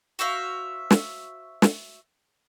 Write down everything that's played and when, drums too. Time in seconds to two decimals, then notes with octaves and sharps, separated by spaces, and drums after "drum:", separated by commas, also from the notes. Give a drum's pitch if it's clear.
0.19 F#4 C5 E5 F5
0.91 drum: snare
1.62 drum: snare